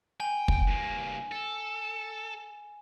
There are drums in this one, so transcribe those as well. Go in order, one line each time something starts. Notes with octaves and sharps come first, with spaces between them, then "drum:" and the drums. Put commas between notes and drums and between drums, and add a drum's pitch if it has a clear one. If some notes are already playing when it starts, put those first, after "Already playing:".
G5 G#5
drum: kick
G2 A#3
A4